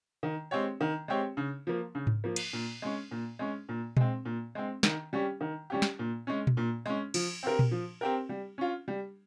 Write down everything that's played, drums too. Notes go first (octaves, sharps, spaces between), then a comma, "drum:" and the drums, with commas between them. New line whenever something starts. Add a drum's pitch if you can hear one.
D#3
G#3 C4 G4 C#5
D#3
G#3 C4 G4 C#5
C#3
F3 A#3
C#3
drum: tom G#2
F3 A#3
drum: cymbal
A#2
G#3 C#4
A#2
G#3 C#4
A#2
G#3 C4, drum: tom A#2
A#2
G#3 C4
D#3, drum: snare
G3 C#4 G4
D#3
G3 C#4 G4
drum: snare
A#2
G#3 C#4
drum: tom A#2
A#2
G#3 C#4
F3, drum: cymbal
C4 G4 A#4
drum: tom A#2
F3
C4 G4 A#4
G3
C#4 F4
G3